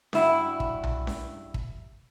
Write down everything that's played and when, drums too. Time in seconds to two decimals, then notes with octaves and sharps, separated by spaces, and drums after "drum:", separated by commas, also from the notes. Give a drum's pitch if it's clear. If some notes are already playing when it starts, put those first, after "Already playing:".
0.13 G2 E4 F#4, drum: snare C#4
0.60 drum: kick
0.84 drum: tom B1
1.07 drum: snare C#4
1.54 drum: kick